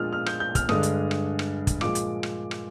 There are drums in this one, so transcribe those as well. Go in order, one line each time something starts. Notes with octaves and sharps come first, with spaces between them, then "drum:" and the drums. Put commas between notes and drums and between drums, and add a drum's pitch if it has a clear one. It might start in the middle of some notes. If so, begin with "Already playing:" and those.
Already playing: A#2 F3 G#3 D4 F4 D#6 F6
F6
G6, drum: rim click
G6
F6, drum: kick, hi-hat
G2 D3 G#3 D4 D#6, drum: rim click
drum: hi-hat
drum: rim click
drum: rim click
drum: kick, hi-hat
A#2 F3 G#3 D6, drum: rim click
drum: hi-hat
drum: rim click
drum: rim click